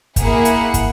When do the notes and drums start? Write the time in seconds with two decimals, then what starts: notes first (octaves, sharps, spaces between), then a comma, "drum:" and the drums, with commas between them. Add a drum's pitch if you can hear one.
0.16 A#3 E4 G#4 F#5, drum: kick, hi-hat
0.45 drum: hi-hat
0.74 drum: kick, hi-hat